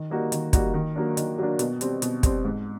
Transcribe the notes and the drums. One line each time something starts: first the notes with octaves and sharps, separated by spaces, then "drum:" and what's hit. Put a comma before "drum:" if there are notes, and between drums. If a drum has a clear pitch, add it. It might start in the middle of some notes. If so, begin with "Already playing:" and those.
Already playing: D#3
G3 A#3 D#4 F#4
D#3, drum: hi-hat
G3 A#3 D#4 F#4, drum: kick, hi-hat
D#3
F#3 A#3 D4
D#3, drum: hi-hat
F#3 A#3 D4
B2, drum: hi-hat
G3 C4, drum: hi-hat
B2, drum: hi-hat
G3 C4, drum: kick, hi-hat
G#2